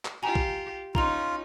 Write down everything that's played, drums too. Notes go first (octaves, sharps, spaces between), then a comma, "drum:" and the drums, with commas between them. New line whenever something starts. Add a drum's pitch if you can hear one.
drum: clap
F4 G4 G#5 A#5
drum: kick B1
C#4 D#4 F4 A#5 C6 F7, drum: kick B1